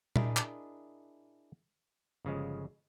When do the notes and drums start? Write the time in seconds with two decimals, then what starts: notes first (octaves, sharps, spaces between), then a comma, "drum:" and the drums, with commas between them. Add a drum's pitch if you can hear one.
0.16 D4 E4 G#4 A#4 D#5, drum: tom A#2
0.37 drum: clap
2.25 G1 C#3 F3 G#3